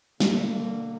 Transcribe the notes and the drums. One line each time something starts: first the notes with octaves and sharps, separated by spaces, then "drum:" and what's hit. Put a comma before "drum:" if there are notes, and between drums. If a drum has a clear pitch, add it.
B2 D3 A#3, drum: snare